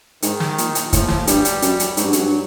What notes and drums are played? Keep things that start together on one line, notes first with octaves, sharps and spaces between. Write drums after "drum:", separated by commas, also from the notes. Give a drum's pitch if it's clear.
G#2 D#3, drum: hi-hat
drum: snare
A#2, drum: hi-hat
drum: hi-hat
A2 F3, drum: kick, hi-hat
A#2
A2, drum: snare
G2 G3, drum: hi-hat
drum: hi-hat
F#2, drum: hi-hat
drum: hi-hat
G#2 F#3, drum: hi-hat
G2
F#2, drum: hi-hat
G2